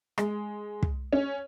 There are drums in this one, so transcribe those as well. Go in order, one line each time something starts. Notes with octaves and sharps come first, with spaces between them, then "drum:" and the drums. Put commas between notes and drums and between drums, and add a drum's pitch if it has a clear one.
G#3, drum: rim click
drum: kick
C#4